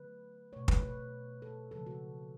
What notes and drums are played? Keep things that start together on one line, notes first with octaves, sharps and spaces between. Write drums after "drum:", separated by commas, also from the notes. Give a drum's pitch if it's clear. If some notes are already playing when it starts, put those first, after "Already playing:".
Already playing: D3 F#3 A3 B4
B2 A3 C#5
B4, drum: kick
B4
A4
C#3 F3 G#3 A4
F#4